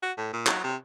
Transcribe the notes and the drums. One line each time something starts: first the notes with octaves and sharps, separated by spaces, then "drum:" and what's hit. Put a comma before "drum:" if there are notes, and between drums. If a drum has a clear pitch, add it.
F#4
A2
A#2
F#3, drum: clap
C3